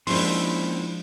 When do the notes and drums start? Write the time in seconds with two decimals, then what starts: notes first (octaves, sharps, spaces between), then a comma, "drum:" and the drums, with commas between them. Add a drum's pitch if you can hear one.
0.07 F3 G#3 A#3 C#4 D4 E4 C5 C6, drum: open hi-hat